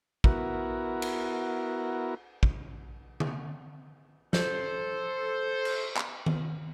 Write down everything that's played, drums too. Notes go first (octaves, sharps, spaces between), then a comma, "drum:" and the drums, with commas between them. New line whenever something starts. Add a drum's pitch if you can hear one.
B3 E4 F#4 A#4, drum: kick
drum: cymbal
drum: kick
drum: tom D3
A4 C5, drum: snare
drum: cymbal
drum: clap
drum: tom D#3